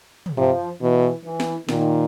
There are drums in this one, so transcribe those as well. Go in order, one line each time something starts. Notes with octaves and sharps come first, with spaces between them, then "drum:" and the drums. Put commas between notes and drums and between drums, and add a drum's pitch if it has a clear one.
drum: tom
C3 F3
B2 E3
E3
drum: snare
A#2 D#3, drum: snare